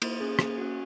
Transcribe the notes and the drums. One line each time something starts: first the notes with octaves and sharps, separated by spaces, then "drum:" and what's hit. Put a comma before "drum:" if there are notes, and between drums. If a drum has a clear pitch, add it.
A#3, drum: cymbal
C#4 G#4
A#3, drum: rim click
C#4 F#4